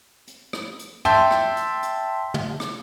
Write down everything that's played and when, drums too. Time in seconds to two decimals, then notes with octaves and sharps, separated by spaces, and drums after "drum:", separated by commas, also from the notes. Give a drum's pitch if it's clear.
0.27 drum: hi-hat
0.53 drum: rim click
0.79 drum: hi-hat
1.05 E5 G5 A5 C6, drum: tom
1.31 drum: rim click
1.57 drum: hi-hat
1.83 drum: hi-hat
2.34 drum: tom
2.60 drum: rim click